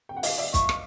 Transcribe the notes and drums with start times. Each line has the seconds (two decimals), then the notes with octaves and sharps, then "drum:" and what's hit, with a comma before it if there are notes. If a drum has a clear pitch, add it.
0.09 G5
0.17 F#5
0.23 D#5 F5, drum: open hi-hat
0.38 D5 E5
0.54 C#6, drum: kick, hi-hat
0.69 drum: rim click